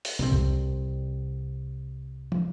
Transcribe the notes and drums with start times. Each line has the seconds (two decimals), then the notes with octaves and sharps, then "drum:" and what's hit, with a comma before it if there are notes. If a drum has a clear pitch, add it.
0.05 drum: open hi-hat
0.19 C2 C3 C4
0.32 drum: kick B1
2.32 drum: tom